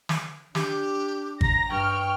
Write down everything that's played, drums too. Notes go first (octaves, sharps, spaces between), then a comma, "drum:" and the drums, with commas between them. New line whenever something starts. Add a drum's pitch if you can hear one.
drum: snare
D4 G4, drum: snare
A#5 A#6, drum: kick
G2 G5 C#6 F6